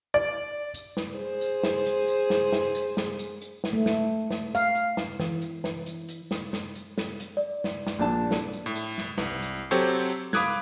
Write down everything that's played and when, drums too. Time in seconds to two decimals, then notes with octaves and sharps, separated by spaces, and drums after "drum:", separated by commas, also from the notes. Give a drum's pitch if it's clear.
0.14 D5
0.74 drum: hi-hat
0.97 drum: snare
1.15 G#4 C5
1.41 drum: hi-hat
1.63 drum: snare
1.86 drum: hi-hat
2.08 drum: hi-hat
2.30 drum: snare
2.52 drum: snare
2.75 drum: hi-hat
2.97 drum: snare
3.19 drum: hi-hat
3.42 drum: hi-hat
3.64 drum: snare
3.73 A3
3.86 drum: snare
4.31 drum: snare
4.55 F5, drum: hi-hat
4.75 drum: hi-hat
4.97 drum: snare
5.20 E3, drum: snare
5.42 drum: hi-hat
5.64 drum: snare
5.86 drum: hi-hat
6.09 drum: hi-hat
6.31 drum: snare
6.53 drum: snare
6.75 drum: hi-hat
6.98 drum: snare
7.20 drum: hi-hat
7.37 D5
7.64 drum: snare
7.87 drum: snare
7.99 A#1 D4 A5
8.31 drum: snare
8.53 drum: hi-hat
8.66 A2
8.76 drum: hi-hat
8.98 drum: snare
9.18 C2, drum: snare
9.42 drum: hi-hat
9.71 F#3 C4 G4 A4 C5 C#5
9.87 drum: hi-hat
10.09 drum: hi-hat
10.33 F5 B5 D6 D#6 F#6 G#6, drum: snare